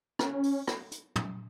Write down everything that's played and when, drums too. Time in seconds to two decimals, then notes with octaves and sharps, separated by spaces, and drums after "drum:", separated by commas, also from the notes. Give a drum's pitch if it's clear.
0.19 C#4, drum: rim click
0.43 drum: open hi-hat
0.68 drum: rim click
0.92 drum: hi-hat
1.16 drum: tom